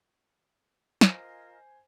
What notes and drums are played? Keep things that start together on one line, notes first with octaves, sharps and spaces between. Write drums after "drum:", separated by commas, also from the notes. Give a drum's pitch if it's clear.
F4 A#4 C5 D#5 G#5, drum: snare